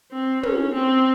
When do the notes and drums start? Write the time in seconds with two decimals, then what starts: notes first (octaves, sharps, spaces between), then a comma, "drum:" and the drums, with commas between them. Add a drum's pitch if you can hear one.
0.12 C4
0.43 C#4, drum: tom
0.74 C4